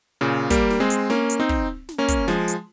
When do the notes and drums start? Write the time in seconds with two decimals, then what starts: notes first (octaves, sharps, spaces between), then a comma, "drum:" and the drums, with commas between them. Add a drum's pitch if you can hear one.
0.21 A#2 C#3
0.50 G3 A#3, drum: kick, hi-hat
0.70 drum: snare
0.80 G#3 C4
0.90 drum: hi-hat
1.10 A#3 C#4, drum: snare
1.29 drum: hi-hat
1.40 C4 D#4
1.49 drum: kick
1.89 drum: snare
1.98 A#3 C#4
2.08 drum: kick, hi-hat
2.28 F3 G#3, drum: snare
2.48 drum: hi-hat